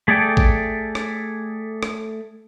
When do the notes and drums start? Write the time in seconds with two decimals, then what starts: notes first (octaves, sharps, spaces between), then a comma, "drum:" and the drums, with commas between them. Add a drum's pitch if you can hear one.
0.08 A3 G#4 A4 D5 G5
0.37 drum: kick G#1
0.95 drum: rim click
1.83 drum: rim click